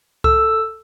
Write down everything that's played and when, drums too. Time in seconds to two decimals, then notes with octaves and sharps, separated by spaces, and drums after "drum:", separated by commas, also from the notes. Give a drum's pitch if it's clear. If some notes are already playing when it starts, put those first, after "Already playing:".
0.24 A4 E6, drum: kick C2